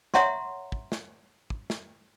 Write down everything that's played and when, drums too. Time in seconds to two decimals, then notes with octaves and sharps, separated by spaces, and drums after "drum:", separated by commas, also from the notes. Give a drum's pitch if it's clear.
0.14 C#5 E5 F#5 A#5 C6 C#6, drum: snare
0.72 drum: kick
0.92 drum: snare
1.50 drum: kick
1.70 drum: snare